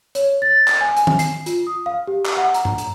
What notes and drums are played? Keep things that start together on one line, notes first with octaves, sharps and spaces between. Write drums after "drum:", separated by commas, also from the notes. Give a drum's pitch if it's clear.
C#5, drum: hi-hat
A6
drum: clap
G#5
G#5, drum: hi-hat
drum: tom D#3
C7, drum: hi-hat
F4, drum: hi-hat
D#6
F5
G4
drum: clap
F#5
A#5, drum: hi-hat
drum: tom G2
drum: hi-hat